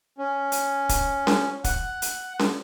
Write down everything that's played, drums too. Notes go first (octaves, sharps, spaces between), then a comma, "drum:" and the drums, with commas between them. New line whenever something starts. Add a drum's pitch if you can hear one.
C#4
drum: hi-hat
drum: kick, hi-hat
drum: snare C#4
F#5, drum: kick, hi-hat
drum: hi-hat
drum: snare C#4